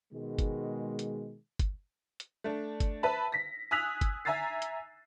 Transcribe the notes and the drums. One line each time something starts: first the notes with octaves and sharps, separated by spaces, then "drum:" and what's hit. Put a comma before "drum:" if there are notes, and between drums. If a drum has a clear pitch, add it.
B2 D#3 G#3
drum: kick G1, hi-hat
drum: hi-hat
drum: kick G1, hi-hat
drum: hi-hat
A3 D4
drum: kick G1, hi-hat
B4 E5 A5 B5
A#6 B6
G#5 D#6 E6 F#6 B6 F7
drum: kick G1, hi-hat
E5 G#5 A#5 E6 A6 C7
drum: hi-hat